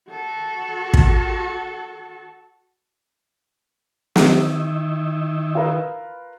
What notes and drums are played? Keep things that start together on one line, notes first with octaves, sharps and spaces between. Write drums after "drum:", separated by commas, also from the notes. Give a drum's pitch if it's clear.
F#4 A4
drum: kick
D#3 E4, drum: snare
F4 A#4 B4